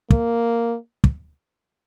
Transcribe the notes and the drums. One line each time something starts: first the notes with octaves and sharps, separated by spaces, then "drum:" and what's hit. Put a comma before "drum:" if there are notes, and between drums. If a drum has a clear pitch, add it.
A#3, drum: kick
drum: kick